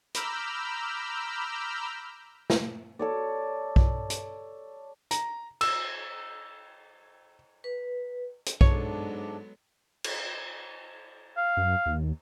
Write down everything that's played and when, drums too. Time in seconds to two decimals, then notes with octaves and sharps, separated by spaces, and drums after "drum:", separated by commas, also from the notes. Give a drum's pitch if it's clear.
0.14 A#5 B5 D6 E6 F6 G6, drum: hi-hat
2.50 drum: snare
2.99 A4 C#5 D5
3.76 drum: kick B1
4.10 drum: hi-hat
5.11 A#5, drum: hi-hat
5.61 E6, drum: cymbal
7.64 B4
8.46 drum: hi-hat
8.61 G#2 F#3 G#3 B3 D4 A4 C#5, drum: kick B1
10.04 drum: cymbal
11.37 F5
11.57 F#2
11.86 D#2